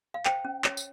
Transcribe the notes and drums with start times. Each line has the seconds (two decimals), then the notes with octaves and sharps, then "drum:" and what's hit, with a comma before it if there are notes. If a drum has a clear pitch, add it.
0.14 F5
0.25 C5 G5, drum: clap
0.45 C#4
0.64 C#5, drum: clap
0.77 drum: tambourine